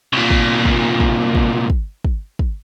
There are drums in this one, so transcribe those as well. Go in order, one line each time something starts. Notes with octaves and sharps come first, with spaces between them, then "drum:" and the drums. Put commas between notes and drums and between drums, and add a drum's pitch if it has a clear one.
C2 A#2
drum: kick
drum: kick
drum: kick
drum: kick
drum: kick
drum: kick
drum: kick